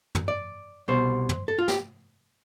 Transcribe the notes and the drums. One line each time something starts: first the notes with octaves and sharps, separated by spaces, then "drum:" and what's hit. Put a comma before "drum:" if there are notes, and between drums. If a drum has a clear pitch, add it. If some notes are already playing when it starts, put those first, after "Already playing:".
drum: tom
D5
C2 B2 G3 C5
drum: tom
A4
F4
G4, drum: snare